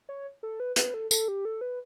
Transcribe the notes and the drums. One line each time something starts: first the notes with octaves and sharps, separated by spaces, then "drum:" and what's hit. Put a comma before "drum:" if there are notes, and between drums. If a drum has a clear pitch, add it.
C#5
A4
B4
B4, drum: hi-hat
A4
A4, drum: tambourine
G4
A4
B4